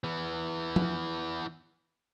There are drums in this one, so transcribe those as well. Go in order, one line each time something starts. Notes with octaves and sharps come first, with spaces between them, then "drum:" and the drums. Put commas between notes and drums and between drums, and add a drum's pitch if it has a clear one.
E3 B3
drum: tom F3